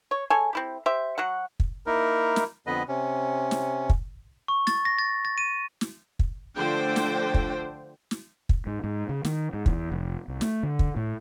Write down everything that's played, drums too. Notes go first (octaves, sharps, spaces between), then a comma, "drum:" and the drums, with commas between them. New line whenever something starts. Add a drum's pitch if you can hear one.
C#5
G#3 A4 C#5 G#5
C4 E4 G4
G4 C5 E5
F#3 F#4 F#5
drum: kick
A#3 D#4 E4 A#4
drum: snare
F2 D3 B3 B4 D#5
C3 C#4
drum: snare
drum: kick
C#6
A6, drum: snare
A#6
A6
A6
D#7
drum: snare
drum: kick
D3 F3 A3 D4 C5 G5
drum: snare
drum: kick
drum: snare
drum: kick
G#2
G#2
C#3
D#3, drum: snare
G#2
E2, drum: kick
F1
C2
A3, drum: snare
D3
drum: kick
A2